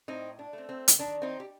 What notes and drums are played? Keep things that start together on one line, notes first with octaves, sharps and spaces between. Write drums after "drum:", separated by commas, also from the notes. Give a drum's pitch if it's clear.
A2 C4 D#4
D4
A3 C4
C4
drum: hi-hat
D#3 D4
C4 D#4
G4